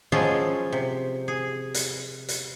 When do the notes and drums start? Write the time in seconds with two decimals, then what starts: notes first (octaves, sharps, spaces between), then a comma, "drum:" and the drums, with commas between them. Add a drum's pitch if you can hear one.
0.12 F3 F#3 G#3 C#4 F4 G#4
0.73 C3
1.28 G#4
1.74 drum: hi-hat
2.28 drum: hi-hat